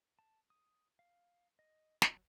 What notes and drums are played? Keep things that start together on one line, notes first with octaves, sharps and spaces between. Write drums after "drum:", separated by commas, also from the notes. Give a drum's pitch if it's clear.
A5
D#6
F5
D#5
F#3, drum: snare